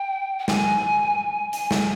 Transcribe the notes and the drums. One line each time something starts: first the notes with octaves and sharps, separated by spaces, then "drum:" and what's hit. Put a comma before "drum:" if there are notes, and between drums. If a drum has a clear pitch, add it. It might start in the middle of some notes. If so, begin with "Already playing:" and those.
Already playing: G5
G5
G#5, drum: snare
G#5, drum: hi-hat
G#5, drum: snare